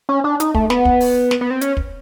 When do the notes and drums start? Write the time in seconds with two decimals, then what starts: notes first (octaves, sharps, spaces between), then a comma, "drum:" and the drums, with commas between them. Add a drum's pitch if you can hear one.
0.09 C#4
0.24 D4
0.40 D#4, drum: hi-hat
0.55 A3, drum: kick
0.70 B3, drum: snare
0.85 drum: kick
1.01 drum: open hi-hat
1.31 drum: snare
1.41 B3
1.51 C4
1.61 C#4, drum: hi-hat
1.77 drum: kick